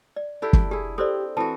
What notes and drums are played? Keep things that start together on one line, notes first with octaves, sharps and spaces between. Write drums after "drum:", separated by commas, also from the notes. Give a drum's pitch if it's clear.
D5
D4 E4 G4 A4
drum: kick
E4 G4 G#4
C4 G4 A4 C5 D5
E3 C4 F#4 A4 A5